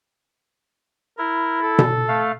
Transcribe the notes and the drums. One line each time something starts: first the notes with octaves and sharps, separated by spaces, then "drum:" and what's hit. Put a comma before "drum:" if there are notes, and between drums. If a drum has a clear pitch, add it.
E4 A#4
A4
drum: tom B2
A3 F5